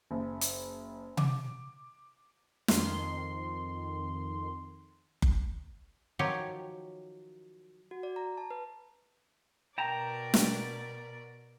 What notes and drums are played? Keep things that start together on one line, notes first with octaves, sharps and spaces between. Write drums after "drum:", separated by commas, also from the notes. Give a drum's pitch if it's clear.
F#1
drum: hi-hat
D6, drum: tom C3
F2 D#3 C6, drum: snare
drum: kick F#1
D#3 F3 F#3 G4 C#5
F#4
D5
A#5
A5
B4
B2 A#4 D5 G5 A5 A#5
drum: snare